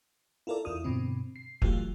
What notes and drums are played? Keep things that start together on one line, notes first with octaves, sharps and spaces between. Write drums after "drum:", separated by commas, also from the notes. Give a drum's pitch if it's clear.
E4 F4 A4 A#4 D5
E2 E4 F4 D#6
G2 B2 D3 C4
C7
E3 F#3 A3 F4 G4, drum: kick